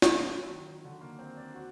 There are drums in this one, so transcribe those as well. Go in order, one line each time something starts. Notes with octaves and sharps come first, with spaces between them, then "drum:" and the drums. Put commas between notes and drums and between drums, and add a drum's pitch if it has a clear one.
drum: snare
F#3
D#3
D3
A#3
C4
D4
F#4